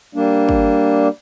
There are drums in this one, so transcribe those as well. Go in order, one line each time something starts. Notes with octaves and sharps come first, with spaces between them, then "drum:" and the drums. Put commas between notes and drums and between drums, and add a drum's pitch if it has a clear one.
G3 A#3 D4
drum: kick